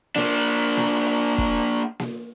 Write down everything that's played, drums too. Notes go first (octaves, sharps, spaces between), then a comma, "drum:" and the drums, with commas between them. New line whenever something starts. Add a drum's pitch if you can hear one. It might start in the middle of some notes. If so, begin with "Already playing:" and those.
A#3 D4, drum: snare A#3
drum: snare A#3
drum: kick
drum: snare A#3